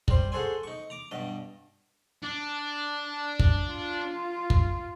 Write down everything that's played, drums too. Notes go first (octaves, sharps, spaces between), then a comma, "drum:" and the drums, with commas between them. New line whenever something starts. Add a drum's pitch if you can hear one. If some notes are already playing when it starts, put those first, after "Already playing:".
G3 C5, drum: kick
F#4 G#4 A4 C5 G#5
D#4 C#6
A#5 D6
G2 B2 D#5
D4
drum: kick
F4
drum: kick